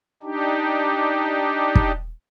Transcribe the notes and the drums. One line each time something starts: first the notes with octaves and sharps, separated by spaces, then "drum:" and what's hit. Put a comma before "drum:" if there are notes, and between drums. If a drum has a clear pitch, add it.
D4 D#4 G4
drum: kick